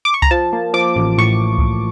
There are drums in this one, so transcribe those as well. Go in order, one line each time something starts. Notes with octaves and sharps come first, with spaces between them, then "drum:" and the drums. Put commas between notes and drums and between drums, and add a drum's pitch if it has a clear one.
D6
C#6
A#5, drum: kick C2
F3 A5
A#3
F3 D6
A1
A2 C#6
drum: kick C2